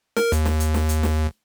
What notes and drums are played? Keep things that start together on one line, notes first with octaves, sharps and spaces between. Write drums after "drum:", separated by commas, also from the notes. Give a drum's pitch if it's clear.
A#4, drum: snare
D#2, drum: hi-hat
drum: snare
drum: hi-hat
drum: snare
drum: hi-hat
drum: snare